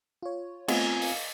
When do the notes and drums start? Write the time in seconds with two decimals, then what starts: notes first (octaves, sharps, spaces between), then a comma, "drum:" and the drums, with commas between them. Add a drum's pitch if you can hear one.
0.23 F4 C#5
0.68 A3 B3 C4 F4 D#5 F5 G#5, drum: cymbal
1.02 drum: open hi-hat